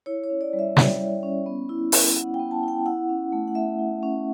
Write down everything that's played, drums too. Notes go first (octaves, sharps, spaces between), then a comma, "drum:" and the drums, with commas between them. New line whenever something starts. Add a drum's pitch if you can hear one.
E4 C#5
C#5
C#4
D5
G3
E5
G3, drum: snare
E4
C#4
B3
E4
E4, drum: open hi-hat
B3 F#5
G5
B3
A5
E4
G5
E4 F#5
C#4
A3
F#5
A3 E5
E4
C#4